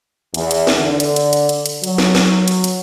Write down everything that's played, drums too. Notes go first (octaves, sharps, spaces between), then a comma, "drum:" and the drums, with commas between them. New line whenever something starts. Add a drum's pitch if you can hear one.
E2, drum: hi-hat
drum: hi-hat
drum: snare
D3
drum: hi-hat
drum: hi-hat
drum: hi-hat
drum: hi-hat
drum: hi-hat
F#3, drum: hi-hat
drum: snare
drum: snare
drum: hi-hat
drum: hi-hat